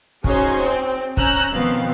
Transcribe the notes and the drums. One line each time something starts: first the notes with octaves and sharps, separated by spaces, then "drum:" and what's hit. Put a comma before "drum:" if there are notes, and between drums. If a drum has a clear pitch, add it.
C#4 D#4 F#4 G#4 C5 C#5, drum: kick
C4
C#4 A#5 E6 F#6 G6, drum: kick
B2 D#3 F3 B3 C4 F5